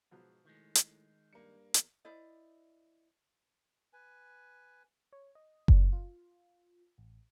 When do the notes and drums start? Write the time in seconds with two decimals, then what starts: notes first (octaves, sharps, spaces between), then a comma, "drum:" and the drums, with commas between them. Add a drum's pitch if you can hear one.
0.11 G#2 B2 F3 F#3
0.45 A2 D#3 G#3
0.75 drum: hi-hat
1.33 G2 A#3 C#7
1.74 E2, drum: hi-hat
2.05 E4 C5 D5 D#5
3.93 B4 G#5
5.13 C#5
5.35 D#5
5.68 D4, drum: kick F#1
5.92 F4
6.98 A1